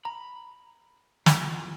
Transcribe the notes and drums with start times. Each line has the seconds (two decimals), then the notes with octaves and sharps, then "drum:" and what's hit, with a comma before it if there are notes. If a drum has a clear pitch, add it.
0.05 A#5 B5
1.26 E2 A#2, drum: snare